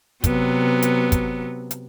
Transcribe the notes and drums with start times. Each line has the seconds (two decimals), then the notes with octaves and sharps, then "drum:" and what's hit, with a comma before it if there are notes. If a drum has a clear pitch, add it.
0.24 C3 F#3 B3, drum: kick, hi-hat
0.82 drum: hi-hat
1.12 drum: kick, hi-hat
1.71 drum: hi-hat